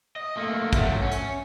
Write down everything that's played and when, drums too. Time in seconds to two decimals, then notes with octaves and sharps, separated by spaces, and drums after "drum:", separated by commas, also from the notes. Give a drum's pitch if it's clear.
0.16 D#5
0.37 A3 A#3
0.73 F#3 A3, drum: kick, hi-hat
1.01 C#4
1.12 drum: hi-hat